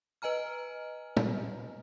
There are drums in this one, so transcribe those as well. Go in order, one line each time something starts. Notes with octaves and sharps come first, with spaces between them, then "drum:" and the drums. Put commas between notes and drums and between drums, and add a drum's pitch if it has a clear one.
B4 D#5 G#5 A#5 F6
drum: tom